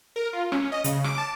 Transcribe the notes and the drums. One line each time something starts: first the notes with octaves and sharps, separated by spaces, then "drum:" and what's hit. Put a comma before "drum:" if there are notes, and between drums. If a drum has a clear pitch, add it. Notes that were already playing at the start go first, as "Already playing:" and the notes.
A#4
F4
C#4, drum: rim click
D#5
C#3, drum: hi-hat
D6, drum: rim click
A5